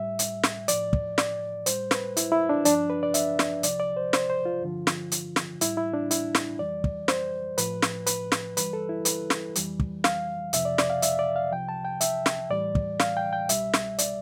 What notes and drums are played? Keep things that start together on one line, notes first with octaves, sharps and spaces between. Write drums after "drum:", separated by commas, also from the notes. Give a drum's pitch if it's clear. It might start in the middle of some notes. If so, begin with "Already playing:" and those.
Already playing: A2 G3 E5
drum: hi-hat
drum: snare
A2 F3 D5, drum: hi-hat
drum: kick
D5, drum: snare
A2 G3 C5, drum: hi-hat
B4, drum: snare
E4, drum: hi-hat
E4
D4
G2 F3 D4, drum: hi-hat
B4
D5
E5, drum: hi-hat
drum: snare
C2 C3 F3 D5, drum: hi-hat
D5
C5
C5, drum: snare
C5
F4
G2 D3 F3
drum: snare
drum: hi-hat
drum: snare
A2 G3 E4, drum: hi-hat
E4
D4
E4, drum: hi-hat
drum: snare
F2 E3 G3 D5
drum: kick
C5, drum: snare
A2 F3 B4, drum: hi-hat
drum: snare
B4, drum: hi-hat
drum: snare
G2 E3 G3 B4, drum: hi-hat
A4
E4
B4, drum: hi-hat
drum: snare
F2 E3 G3, drum: hi-hat
drum: kick
F5, drum: snare
F2 C3 F3 E5, drum: hi-hat
D5
D5, drum: snare
F5
E5, drum: hi-hat
D5
F5
C2 C3 F3 G5
A5
G5
E5, drum: hi-hat
drum: snare
A2 E3 G3 D5
drum: kick
F5, drum: snare
G5
G5
C2 B2 G3 E5, drum: hi-hat
drum: snare
D5, drum: hi-hat